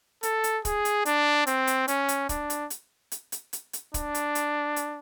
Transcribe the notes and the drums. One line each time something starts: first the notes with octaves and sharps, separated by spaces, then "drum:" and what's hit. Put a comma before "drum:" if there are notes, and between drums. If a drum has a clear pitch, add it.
A4, drum: hi-hat
drum: hi-hat
G#4, drum: kick, hi-hat
drum: hi-hat
D4, drum: hi-hat
C4, drum: hi-hat
drum: hi-hat
C#4, drum: hi-hat
drum: hi-hat
D4, drum: kick, hi-hat
drum: hi-hat
drum: hi-hat
drum: hi-hat
drum: hi-hat
drum: hi-hat
drum: hi-hat
D4, drum: kick, hi-hat
drum: hi-hat
drum: hi-hat
drum: hi-hat